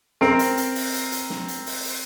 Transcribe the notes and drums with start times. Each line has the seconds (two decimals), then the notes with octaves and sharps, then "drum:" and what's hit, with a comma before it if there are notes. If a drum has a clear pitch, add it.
0.21 C4 A#4 D7, drum: snare
0.39 drum: hi-hat
0.57 drum: hi-hat
0.76 drum: open hi-hat
0.94 drum: hi-hat
1.12 drum: hi-hat
1.30 drum: snare
1.48 drum: hi-hat
1.66 drum: open hi-hat
1.85 drum: open hi-hat